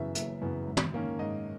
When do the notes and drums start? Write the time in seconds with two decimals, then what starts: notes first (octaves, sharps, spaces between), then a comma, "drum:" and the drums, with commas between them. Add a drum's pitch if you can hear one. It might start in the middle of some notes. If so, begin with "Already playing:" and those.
Already playing: F#2 C#3 E3 B3 E5
0.15 F#1 E5, drum: hi-hat
0.41 F#2 C#3 E3 B3
0.67 G#2
0.77 drum: tom
0.94 D#3 A#3 C#4
1.19 G#2 D#5